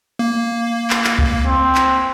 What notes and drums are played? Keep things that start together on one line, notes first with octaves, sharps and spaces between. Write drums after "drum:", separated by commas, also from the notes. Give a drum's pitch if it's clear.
A#3
drum: clap
drum: clap
drum: kick C#2
C4
drum: clap